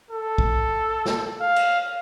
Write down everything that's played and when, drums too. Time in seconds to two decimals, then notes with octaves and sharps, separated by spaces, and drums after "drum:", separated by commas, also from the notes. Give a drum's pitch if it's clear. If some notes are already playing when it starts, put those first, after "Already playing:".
0.11 A4
0.38 drum: kick
1.06 drum: snare
1.40 F5
1.56 drum: cymbal